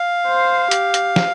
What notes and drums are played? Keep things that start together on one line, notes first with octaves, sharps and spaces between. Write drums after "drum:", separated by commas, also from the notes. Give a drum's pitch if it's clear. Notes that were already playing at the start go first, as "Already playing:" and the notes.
Already playing: F5
C5
G4, drum: hi-hat
drum: hi-hat
drum: snare